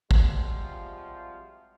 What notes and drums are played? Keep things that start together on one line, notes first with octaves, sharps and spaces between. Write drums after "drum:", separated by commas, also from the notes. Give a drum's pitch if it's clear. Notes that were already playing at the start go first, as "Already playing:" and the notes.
C3 F3 G3 G#3 F4 F#4, drum: kick